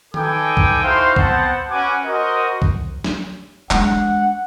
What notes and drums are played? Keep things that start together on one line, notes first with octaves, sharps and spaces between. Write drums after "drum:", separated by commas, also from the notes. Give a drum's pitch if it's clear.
D#4 A4 B4 G5 G#5 D6, drum: tom D#3
drum: kick C2
D#4 E4 F#4 C5 F5 C6
B3 C4 B4 C5 F#5 A5, drum: kick C2
C#4 F#4 B4 F#5 G#5 D6
F#4 A#4 C5 D#5
drum: kick C2
drum: snare
G#3 D4 F#5, drum: clap